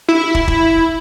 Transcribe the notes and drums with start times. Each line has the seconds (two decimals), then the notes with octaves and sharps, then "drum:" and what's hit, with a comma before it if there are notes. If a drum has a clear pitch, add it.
0.09 E4
0.35 drum: kick
0.48 drum: kick